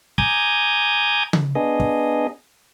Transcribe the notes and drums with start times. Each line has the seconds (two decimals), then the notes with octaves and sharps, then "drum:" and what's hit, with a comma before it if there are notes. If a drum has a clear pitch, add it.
0.18 G#5 A#5 D6 D#6 G6 G#6, drum: kick
1.33 drum: tom C#3
1.55 B3 D4 G#4 D#5
1.80 drum: kick